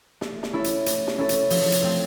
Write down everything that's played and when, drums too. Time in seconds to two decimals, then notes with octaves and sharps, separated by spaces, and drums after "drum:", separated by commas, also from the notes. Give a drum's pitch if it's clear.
0.21 A3, drum: snare
0.43 drum: snare
0.53 C#4 E4 A4
0.64 drum: hi-hat
0.86 A3, drum: hi-hat
1.07 drum: snare
1.18 C#4 E4 A4
1.29 drum: hi-hat
1.50 F3, drum: open hi-hat
1.72 drum: hi-hat
1.82 A3 C4